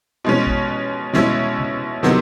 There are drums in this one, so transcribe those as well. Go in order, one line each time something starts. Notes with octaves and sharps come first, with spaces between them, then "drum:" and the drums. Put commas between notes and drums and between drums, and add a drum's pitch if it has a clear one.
B2 G#3 C#4
drum: kick A1
B2 G#3 C#4 E4, drum: snare
drum: tom C#3
C3 D#3 F#3 B3 D#4, drum: snare